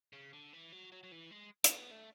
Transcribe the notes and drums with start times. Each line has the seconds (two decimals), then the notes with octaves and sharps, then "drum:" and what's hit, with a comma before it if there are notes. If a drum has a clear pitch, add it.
0.13 C#3
0.33 D3
0.53 E3
0.72 F#3
0.92 F#3
1.04 F#3
1.12 E3
1.31 G#3
1.64 A3, drum: hi-hat
1.72 B3
1.91 A3